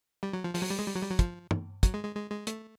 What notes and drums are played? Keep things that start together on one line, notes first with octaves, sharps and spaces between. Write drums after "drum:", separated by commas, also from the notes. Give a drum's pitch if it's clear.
G3
F#3
F3
F3, drum: open hi-hat
F#3
G3
G#3
G3
F#3
G3
F#3
F3, drum: kick, hi-hat
drum: tom
F#3, drum: kick, hi-hat
G#3
G#3
G#3
G#3
A3, drum: hi-hat